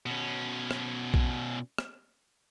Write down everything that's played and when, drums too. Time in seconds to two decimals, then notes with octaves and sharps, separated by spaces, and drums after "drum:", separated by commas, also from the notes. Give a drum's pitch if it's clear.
0.06 B2 C#4
0.71 drum: rim click
1.14 drum: kick
1.78 drum: rim click